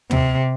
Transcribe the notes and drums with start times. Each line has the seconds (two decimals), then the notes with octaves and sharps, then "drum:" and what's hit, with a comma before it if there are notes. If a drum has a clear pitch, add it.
0.11 C3, drum: tom